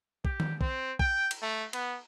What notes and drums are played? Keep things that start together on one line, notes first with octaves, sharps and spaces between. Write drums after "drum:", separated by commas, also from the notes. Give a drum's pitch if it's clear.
G4, drum: kick
drum: tom D#3
C4, drum: kick
G5, drum: kick
drum: cymbal
A3
B3, drum: cymbal